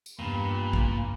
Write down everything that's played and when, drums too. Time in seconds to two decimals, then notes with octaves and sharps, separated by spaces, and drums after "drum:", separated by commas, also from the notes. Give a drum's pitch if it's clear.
0.06 drum: tambourine
0.19 E2 G2 A#2 G4 B4 B5
0.73 drum: kick